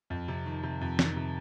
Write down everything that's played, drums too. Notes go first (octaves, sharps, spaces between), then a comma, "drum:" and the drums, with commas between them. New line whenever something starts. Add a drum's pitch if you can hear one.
F2
C3
D#3
C3
F2
D#3, drum: snare
C3